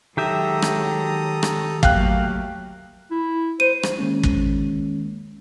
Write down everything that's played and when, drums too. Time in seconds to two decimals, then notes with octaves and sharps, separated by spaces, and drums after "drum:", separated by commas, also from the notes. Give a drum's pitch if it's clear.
0.17 D#3 F#3 G#3 G4 A4 E5 A#5 D#6
0.62 drum: rim click
1.43 drum: rim click
1.83 F#3 A3 A#3 G4 F5 G5 F#6, drum: kick
3.11 E4
3.60 C5 D#7
3.83 drum: rim click
3.99 D#3 G#3 A#3 C#4
4.23 drum: kick